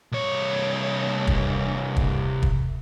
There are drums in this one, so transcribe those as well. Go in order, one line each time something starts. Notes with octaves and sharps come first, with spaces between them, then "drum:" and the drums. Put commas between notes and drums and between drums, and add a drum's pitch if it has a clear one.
C2 C#5
drum: kick
drum: kick
drum: kick